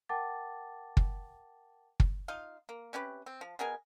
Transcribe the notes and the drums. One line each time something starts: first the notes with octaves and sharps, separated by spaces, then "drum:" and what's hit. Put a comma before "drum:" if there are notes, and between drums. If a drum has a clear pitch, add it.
A#4 F#5 G5 A5 D6 A6
drum: kick
drum: kick
D#4 F4 F5
A#3
C3 C#4 G4 B4
C4
F3
B2 G#4 A#4 G#5